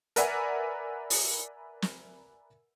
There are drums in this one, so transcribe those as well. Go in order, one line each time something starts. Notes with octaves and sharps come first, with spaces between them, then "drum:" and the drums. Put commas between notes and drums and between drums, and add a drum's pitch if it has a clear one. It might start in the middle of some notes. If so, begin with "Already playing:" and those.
A#4 B4 D5 E5 F#5 G#5, drum: hi-hat
drum: open hi-hat
drum: snare